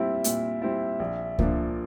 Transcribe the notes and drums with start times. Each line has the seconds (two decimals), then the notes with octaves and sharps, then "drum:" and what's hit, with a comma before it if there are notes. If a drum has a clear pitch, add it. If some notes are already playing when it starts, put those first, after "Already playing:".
Already playing: A#2 G3 C4 E4 E5
0.24 A#2, drum: hi-hat
0.62 G3 C4 E4
1.00 A#1
1.39 A#2 F3 A#3 D4, drum: kick C#2